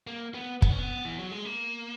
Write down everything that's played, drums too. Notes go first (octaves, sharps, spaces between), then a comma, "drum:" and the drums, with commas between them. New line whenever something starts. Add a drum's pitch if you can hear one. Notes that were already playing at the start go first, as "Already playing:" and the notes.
A#3
B3
B3, drum: kick
C#4
B3
E3
F#3
G#3
A#3